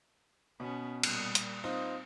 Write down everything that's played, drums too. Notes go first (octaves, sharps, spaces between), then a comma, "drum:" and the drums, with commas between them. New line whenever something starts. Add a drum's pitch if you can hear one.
B2 B3 C#4
A#2 G3, drum: cymbal
drum: hi-hat
C4 D#4 F4